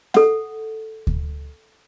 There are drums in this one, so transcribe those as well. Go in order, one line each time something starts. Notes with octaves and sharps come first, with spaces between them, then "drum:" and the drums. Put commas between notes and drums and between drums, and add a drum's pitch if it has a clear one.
A4 F#5, drum: snare
drum: kick D2